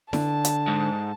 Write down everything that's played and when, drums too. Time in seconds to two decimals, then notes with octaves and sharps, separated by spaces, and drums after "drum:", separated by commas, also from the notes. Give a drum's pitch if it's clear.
0.13 D3 A5, drum: snare E4
0.45 drum: hi-hat
0.68 G#2